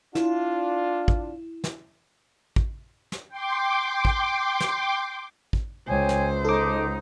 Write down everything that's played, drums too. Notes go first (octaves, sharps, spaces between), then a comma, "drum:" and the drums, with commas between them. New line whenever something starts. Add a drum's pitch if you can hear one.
D4 E4 F4, drum: snare
drum: kick
drum: snare
drum: kick
drum: snare
G5 C6 D6
drum: kick
drum: snare
drum: kick
C#2 C5 C#5 G5 G#5
drum: snare
D#4 A4 D6